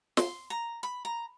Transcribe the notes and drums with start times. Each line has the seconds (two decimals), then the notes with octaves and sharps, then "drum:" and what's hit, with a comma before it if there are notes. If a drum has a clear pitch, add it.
0.17 C6, drum: snare
0.50 A#5
0.83 B5
1.05 A#5